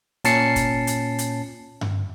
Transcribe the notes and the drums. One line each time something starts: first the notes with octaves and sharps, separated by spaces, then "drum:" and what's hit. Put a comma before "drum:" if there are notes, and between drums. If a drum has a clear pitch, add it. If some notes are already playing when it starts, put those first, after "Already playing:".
A#2 C#4 A5 C7 C#7, drum: hi-hat
drum: kick, hi-hat
drum: hi-hat
drum: hi-hat
drum: tom G2